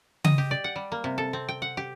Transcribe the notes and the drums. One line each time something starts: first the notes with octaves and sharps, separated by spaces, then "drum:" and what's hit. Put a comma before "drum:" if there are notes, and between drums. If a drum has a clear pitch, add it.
D#5, drum: tom C#3
G4
D5
F#5
G3
A#3
C3
A4
C4
G5
F#5
G4